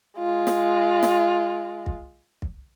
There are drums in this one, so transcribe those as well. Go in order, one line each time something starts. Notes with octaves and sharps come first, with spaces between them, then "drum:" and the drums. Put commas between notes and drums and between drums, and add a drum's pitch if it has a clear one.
G#3 F4
drum: snare
drum: snare
drum: kick
drum: kick